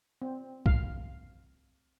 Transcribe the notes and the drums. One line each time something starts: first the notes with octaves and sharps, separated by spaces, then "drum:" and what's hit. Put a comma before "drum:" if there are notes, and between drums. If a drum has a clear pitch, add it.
C4
F5, drum: kick